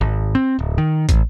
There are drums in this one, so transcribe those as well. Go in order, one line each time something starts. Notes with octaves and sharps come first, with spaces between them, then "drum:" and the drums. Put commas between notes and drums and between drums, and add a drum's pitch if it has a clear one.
G#1
C4
D1
D#3
A1, drum: kick, hi-hat